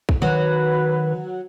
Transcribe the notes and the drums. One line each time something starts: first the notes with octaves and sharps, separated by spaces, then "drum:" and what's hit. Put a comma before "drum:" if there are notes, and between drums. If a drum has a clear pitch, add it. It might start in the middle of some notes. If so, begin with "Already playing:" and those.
drum: kick
D#3 F#3 B4, drum: tom